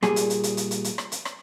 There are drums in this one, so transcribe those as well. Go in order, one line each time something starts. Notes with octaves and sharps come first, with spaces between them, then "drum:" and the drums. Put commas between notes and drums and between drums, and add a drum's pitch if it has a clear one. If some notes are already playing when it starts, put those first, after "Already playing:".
A#2 G3 G#4, drum: rim click
drum: hi-hat
drum: hi-hat
drum: hi-hat
drum: hi-hat
drum: hi-hat
drum: hi-hat
drum: rim click
drum: hi-hat
drum: rim click